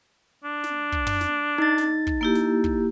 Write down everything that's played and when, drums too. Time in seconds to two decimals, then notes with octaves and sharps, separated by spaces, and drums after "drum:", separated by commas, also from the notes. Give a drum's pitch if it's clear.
0.44 D4
0.64 drum: snare
0.92 drum: kick
1.07 drum: tom
1.21 drum: snare
1.58 D#4 A6
1.78 drum: snare
2.07 drum: kick
2.21 A#3 E4 G4
2.35 drum: snare
2.64 drum: kick